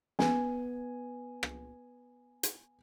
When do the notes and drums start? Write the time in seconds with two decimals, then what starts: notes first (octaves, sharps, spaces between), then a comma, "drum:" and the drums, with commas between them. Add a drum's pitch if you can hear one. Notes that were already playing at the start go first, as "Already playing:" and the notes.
0.19 B3 G#5, drum: snare
1.43 drum: rim click
2.43 drum: hi-hat